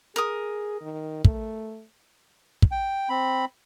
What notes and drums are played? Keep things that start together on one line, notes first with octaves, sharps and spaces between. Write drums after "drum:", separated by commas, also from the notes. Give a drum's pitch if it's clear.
G#4 A#4 D#6
D#3
A3, drum: kick
drum: kick
G5
C4 B5